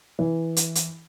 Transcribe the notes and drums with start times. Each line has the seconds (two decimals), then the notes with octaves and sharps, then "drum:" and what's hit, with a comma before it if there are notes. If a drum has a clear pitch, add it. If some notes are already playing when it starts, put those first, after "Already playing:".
0.19 E3
0.57 drum: hi-hat
0.75 drum: hi-hat